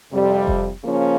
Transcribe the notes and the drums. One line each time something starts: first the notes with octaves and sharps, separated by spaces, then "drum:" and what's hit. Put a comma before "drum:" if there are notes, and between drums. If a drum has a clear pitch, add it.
F2 C3 G3
drum: kick F1
C#3 F3 A#3 C#4